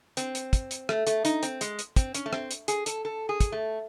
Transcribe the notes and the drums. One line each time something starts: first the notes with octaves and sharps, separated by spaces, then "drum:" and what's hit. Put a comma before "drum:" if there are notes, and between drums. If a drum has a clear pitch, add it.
C4, drum: hi-hat
drum: hi-hat
drum: kick, hi-hat
drum: hi-hat
A3, drum: rim click
A3, drum: hi-hat
D#4, drum: hi-hat
C4, drum: hi-hat
G#3, drum: hi-hat
drum: hi-hat
C4, drum: kick, hi-hat
C#4, drum: hi-hat
A3
C4, drum: rim click
drum: hi-hat
G#4, drum: hi-hat
A4, drum: hi-hat
A4
G#4
drum: kick, hi-hat
A3